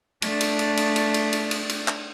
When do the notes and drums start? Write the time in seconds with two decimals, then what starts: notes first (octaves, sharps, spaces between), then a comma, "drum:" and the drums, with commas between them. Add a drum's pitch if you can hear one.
0.22 A3 D4, drum: cymbal
0.41 drum: cymbal
0.59 drum: cymbal
0.77 drum: cymbal
0.96 drum: cymbal
1.14 drum: cymbal
1.33 drum: cymbal
1.51 drum: cymbal
1.69 drum: cymbal
1.88 drum: clap